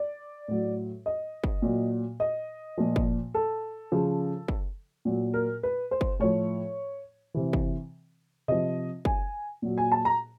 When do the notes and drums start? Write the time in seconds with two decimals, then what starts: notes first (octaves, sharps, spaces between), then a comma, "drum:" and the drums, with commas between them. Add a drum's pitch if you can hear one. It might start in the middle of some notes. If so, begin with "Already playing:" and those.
Already playing: D5
0.48 A2 F#3
1.06 D#5
1.44 drum: kick
1.62 A#2 F#3
2.20 D#5
2.78 A#2 F3
2.96 drum: kick
3.34 A4
3.92 C#3 F3
4.48 drum: kick
5.05 A#2 F#3
5.34 A#4
5.63 B4
5.91 C5
6.01 drum: kick
6.19 A2 F3 C#5
7.34 C3 E3
7.53 drum: kick
8.48 C3 F3 D#5
9.05 G#5, drum: kick
9.62 A#2 F#3
9.78 G#5
9.92 A5
10.05 A#5